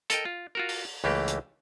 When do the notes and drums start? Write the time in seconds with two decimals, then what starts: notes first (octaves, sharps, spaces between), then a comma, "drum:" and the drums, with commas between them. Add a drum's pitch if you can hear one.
0.10 A4 A#4 D#5 G5, drum: hi-hat
0.25 F4
0.55 F4 F#4 A#4
0.69 drum: open hi-hat
1.04 C#2 E3 A3 A#3 G4
1.28 drum: hi-hat